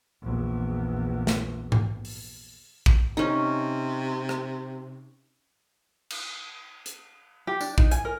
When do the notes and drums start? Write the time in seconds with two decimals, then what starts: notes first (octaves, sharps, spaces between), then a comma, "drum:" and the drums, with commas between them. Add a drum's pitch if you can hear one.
0.22 A#1 E2
1.27 drum: snare
1.72 drum: tom G#2
2.05 drum: open hi-hat
2.86 drum: kick A#1
3.17 C3 C#4 D#4
4.29 drum: rim click
6.10 drum: cymbal
6.86 drum: hi-hat
7.47 G4
7.61 D4, drum: tambourine
7.78 D#4, drum: kick A#1
7.91 G#5, drum: hi-hat
8.05 A#4